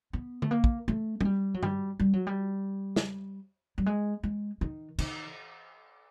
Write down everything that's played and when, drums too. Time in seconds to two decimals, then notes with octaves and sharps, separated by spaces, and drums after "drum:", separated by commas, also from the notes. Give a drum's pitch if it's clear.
0.13 B3
0.42 A3, drum: tom D3
0.51 A#3
0.64 drum: kick
0.88 A3
1.21 G#3, drum: tom G3
1.25 G3
1.54 F#3
1.63 G3, drum: tom G2
2.00 G3
2.13 F#3
2.27 G3
2.96 drum: snare
3.78 G3
3.86 G#3
4.23 G#3
4.61 D#3
4.98 D#3, drum: cymbal